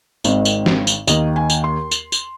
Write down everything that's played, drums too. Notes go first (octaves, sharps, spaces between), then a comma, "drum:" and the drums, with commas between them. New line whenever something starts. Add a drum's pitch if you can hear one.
G#1 G#2 D#3 C4 C5, drum: tambourine
drum: tambourine
drum: snare
drum: tambourine
D#2 D#3 A#3 D#5, drum: tambourine
G#5
drum: tambourine
C6
drum: tambourine
drum: tambourine